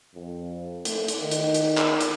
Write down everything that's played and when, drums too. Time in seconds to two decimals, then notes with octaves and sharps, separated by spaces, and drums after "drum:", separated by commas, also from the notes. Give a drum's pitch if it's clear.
0.15 F2
0.85 A3, drum: hi-hat
1.08 drum: hi-hat
1.22 D#3
1.31 drum: hi-hat
1.54 drum: hi-hat
1.77 drum: clap
2.01 drum: hi-hat